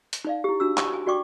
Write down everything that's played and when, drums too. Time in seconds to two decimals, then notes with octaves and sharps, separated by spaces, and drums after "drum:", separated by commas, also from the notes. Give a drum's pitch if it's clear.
0.13 drum: hi-hat
0.25 D#4 D5 F5
0.44 E4 G4
0.60 D4 F#4 E6
0.77 A5 C#6, drum: clap
0.93 G#5
1.07 F#4 D5 G5 C#6 D6